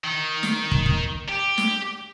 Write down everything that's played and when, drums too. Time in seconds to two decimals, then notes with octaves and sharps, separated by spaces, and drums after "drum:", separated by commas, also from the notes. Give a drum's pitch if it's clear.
0.04 D#3
0.43 drum: snare
0.72 drum: kick
0.86 drum: kick
1.29 G4
1.58 drum: snare